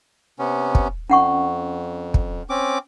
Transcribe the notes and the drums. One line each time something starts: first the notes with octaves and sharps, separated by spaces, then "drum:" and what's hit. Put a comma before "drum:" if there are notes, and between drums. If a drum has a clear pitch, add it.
C3 B3 C#4
drum: kick
F2 C#4 F#5 C#6
drum: kick
C4 C#4 D6